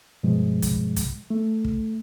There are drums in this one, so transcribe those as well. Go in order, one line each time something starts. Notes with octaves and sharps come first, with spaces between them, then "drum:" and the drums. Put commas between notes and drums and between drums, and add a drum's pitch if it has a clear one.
G2 B2 F3 G#3
drum: kick, hi-hat
drum: kick, hi-hat
A3
drum: kick